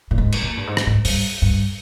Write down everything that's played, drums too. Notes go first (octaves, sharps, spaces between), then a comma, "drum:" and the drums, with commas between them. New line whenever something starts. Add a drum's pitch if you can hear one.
A#2
G#2
drum: cymbal
A#2
G2
G#2
drum: rim click
G#2
G2, drum: open hi-hat
G2